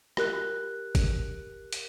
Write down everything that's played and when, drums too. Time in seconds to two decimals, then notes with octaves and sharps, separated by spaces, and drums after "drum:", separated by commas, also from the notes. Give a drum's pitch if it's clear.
0.17 G4 A#4 F#6, drum: rim click
0.95 drum: kick G1, hi-hat
1.73 drum: hi-hat